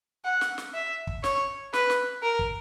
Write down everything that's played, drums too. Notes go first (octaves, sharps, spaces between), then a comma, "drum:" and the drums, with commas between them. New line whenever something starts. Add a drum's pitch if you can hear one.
F#5
drum: snare
drum: snare
E5
drum: kick
C#5, drum: snare
B4, drum: snare
drum: snare
A#4
drum: kick